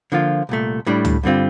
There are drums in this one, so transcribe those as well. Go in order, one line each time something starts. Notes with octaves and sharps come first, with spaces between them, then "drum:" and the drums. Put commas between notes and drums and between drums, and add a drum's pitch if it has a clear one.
D3 F3 A#3 F4
C2 A#2 A3
A2 G3 D4
drum: tom C#2
G2 D3 G3 C4 F4